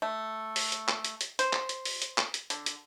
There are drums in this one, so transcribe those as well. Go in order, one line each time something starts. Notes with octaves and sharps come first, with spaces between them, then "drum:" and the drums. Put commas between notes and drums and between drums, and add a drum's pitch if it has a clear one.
A3
drum: open hi-hat
drum: hi-hat
drum: clap
drum: hi-hat
drum: hi-hat
C5, drum: hi-hat
drum: clap
drum: hi-hat
drum: open hi-hat
drum: hi-hat
drum: clap
drum: hi-hat
D3, drum: hi-hat
drum: hi-hat